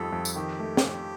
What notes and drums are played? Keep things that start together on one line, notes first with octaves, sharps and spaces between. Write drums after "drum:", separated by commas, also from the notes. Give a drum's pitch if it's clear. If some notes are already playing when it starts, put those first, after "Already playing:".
Already playing: F2 D#3 G3 A4
F2
drum: tambourine
D#3 G4
A3
drum: snare